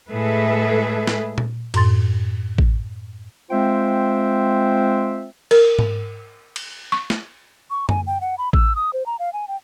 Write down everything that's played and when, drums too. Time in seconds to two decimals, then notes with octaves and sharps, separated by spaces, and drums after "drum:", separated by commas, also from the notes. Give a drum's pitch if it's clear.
0.11 A2 G#3 G#4 A4 B4 E5
1.07 drum: snare
1.38 drum: tom A#2
1.74 F#2 A2 C6 A6, drum: cymbal
2.58 drum: kick A1
3.51 G#3 C4 F4 C5 E5 G5
5.51 A#4, drum: cymbal
5.79 drum: tom G#2
6.56 drum: cymbal
6.92 C#6
7.10 drum: snare
7.70 C#6
7.89 G#5, drum: tom F#2
8.07 G5
8.21 F#5
8.38 B5
8.53 E6, drum: kick A1
8.76 D#6
8.93 C5
9.06 A#5
9.19 F5
9.33 G#5
9.48 G5